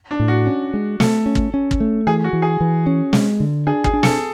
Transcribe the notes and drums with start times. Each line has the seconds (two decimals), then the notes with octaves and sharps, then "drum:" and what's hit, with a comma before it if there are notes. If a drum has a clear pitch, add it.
0.11 D4
0.20 A2
0.28 F#4
0.47 C#4
0.74 G#3
1.00 A3 A4, drum: snare
1.26 C#4
1.35 drum: kick
1.54 C#4
1.71 drum: kick
1.80 A3
2.07 E3 G#4
2.24 F#4
2.33 E3
2.42 G#4
2.61 E3
2.86 C#4
3.13 G#3, drum: snare
3.40 D3
3.67 D4 G#4
3.84 G#4, drum: kick
3.93 D4
4.03 A4, drum: snare